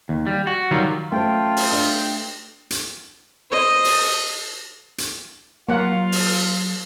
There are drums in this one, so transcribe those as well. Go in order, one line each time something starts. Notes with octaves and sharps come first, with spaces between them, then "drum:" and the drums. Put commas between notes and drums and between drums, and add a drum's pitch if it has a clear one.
D#2
G3
F#4
D#3 F#3 G3 F4
A3 C#4 F4 C5 G5
drum: open hi-hat
D4 D#5
drum: hi-hat
C5 D#5
drum: open hi-hat
drum: hi-hat
F#3 A#3 F4 G4 C#5 F#5
drum: open hi-hat